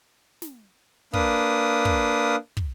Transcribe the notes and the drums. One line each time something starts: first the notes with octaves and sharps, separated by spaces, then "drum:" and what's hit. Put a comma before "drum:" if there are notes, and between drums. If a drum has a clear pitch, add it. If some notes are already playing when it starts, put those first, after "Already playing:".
drum: snare
A#3 D4 B4 F5 D#6, drum: kick
drum: kick
drum: kick